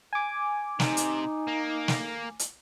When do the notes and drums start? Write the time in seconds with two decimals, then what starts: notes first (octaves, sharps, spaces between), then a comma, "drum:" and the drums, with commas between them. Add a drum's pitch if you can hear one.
0.13 G#5 D6
0.80 C3 D#4, drum: snare
0.97 drum: hi-hat
1.47 A#3
1.88 drum: snare
2.39 drum: hi-hat